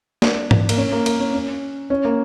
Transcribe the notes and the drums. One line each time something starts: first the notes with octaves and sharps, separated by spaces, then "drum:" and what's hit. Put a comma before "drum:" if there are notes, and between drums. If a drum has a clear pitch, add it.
D4, drum: snare
drum: tom G#2
A#3, drum: cymbal
C#4
A#3
A#3, drum: cymbal
C#4
C#4
C#4
A#3